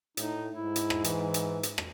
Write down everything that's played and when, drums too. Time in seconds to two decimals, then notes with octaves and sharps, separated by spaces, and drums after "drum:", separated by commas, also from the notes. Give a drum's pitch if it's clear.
0.17 A2 D#4, drum: hi-hat
0.54 G#2 E4
0.76 drum: hi-hat
0.90 drum: rim click
1.04 E3, drum: hi-hat
1.34 drum: hi-hat
1.63 drum: hi-hat
1.78 drum: rim click